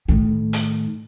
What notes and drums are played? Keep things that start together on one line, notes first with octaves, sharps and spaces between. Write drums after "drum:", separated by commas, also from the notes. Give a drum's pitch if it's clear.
A2 D#3
drum: hi-hat